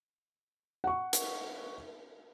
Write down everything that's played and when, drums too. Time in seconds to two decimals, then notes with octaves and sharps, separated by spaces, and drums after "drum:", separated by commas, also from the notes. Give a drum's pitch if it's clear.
0.84 F#5 C#6
1.13 drum: hi-hat